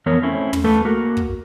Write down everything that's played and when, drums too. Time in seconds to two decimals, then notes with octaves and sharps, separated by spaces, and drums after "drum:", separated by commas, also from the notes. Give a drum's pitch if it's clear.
0.06 F2 E3 B3 A#4 C#5
0.22 A3 C4 C#4 E4
0.53 drum: tom
0.64 A3 A4 B4
0.85 A#3 F#4 A#4
1.17 drum: kick